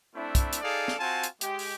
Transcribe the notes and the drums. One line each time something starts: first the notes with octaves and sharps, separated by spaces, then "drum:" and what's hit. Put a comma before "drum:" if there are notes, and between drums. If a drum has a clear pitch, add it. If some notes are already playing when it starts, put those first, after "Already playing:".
A3 C4 D4 E4
drum: kick, hi-hat
drum: hi-hat
D#4 G#4 A4 D5 F5
drum: snare
C4 F4 F#4 G#5 A5
drum: hi-hat
G#3 G4, drum: hi-hat
drum: open hi-hat